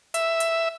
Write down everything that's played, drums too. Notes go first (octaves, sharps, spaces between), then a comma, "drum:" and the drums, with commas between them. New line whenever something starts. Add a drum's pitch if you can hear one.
E5, drum: hi-hat
drum: hi-hat